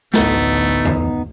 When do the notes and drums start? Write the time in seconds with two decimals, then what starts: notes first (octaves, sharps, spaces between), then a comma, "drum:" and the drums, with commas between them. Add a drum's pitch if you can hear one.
0.14 A1 D2 A3 B3 D#4, drum: snare
0.85 drum: tom E2